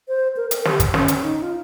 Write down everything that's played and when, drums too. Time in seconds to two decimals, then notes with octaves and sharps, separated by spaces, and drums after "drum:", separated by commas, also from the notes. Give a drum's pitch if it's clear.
0.08 C5
0.37 A#4
0.51 A#4, drum: hi-hat
0.65 G4, drum: snare
0.80 drum: kick, hi-hat
0.94 C#4, drum: snare
1.08 drum: hi-hat
1.22 D#4
1.42 F4